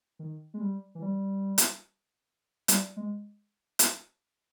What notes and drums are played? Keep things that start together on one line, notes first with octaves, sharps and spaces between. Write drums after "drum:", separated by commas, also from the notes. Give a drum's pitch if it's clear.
D#3
G#3
G3
E3
G3
drum: hi-hat
G3, drum: hi-hat
G#3
drum: hi-hat